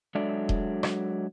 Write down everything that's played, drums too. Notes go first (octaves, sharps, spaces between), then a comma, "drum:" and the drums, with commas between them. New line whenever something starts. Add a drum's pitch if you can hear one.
F#3 G#3 D4 A4 D5 E5
drum: kick D#1
drum: rim click